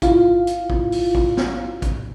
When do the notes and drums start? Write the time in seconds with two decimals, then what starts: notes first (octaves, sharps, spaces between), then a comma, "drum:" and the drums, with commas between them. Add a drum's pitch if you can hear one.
0.02 E4 F4 F5, drum: kick A1, hi-hat
0.47 drum: hi-hat
0.70 drum: kick A1
0.92 drum: open hi-hat
1.15 drum: kick A1
1.37 drum: snare
1.82 drum: kick A1, hi-hat